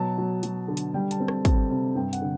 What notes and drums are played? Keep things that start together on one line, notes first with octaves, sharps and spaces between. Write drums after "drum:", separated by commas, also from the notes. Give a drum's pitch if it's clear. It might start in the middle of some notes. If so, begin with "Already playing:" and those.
Already playing: B2 F#3 A5
F#3
F#3, drum: hi-hat
D3
drum: hi-hat
G3 G5
A5, drum: hi-hat
C4
A5, drum: rim click
C4 A5, drum: kick, hi-hat
C3 A5
G2 G5
F#5, drum: hi-hat
D3